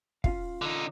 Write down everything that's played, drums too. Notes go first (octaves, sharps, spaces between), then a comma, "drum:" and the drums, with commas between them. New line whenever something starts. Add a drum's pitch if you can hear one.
C#4 F4 F5, drum: kick
D3 D#4